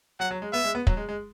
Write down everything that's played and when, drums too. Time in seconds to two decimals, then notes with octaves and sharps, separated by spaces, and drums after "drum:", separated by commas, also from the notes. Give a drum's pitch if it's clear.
0.20 F#3 F#5
0.31 F#3
0.42 G#3
0.53 B3 E5
0.64 G#3
0.75 B3
0.87 F#3, drum: kick
0.97 G#3
1.09 G#3